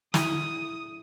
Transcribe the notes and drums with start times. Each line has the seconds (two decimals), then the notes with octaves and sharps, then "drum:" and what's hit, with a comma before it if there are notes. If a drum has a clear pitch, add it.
0.14 E4 D#6, drum: snare
0.32 E4